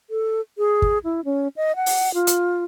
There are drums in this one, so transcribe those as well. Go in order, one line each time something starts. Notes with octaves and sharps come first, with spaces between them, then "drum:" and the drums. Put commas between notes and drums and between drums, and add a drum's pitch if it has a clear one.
A4
G#4
drum: kick
E4
C#4
D#5
F#5
drum: open hi-hat
F4
drum: hi-hat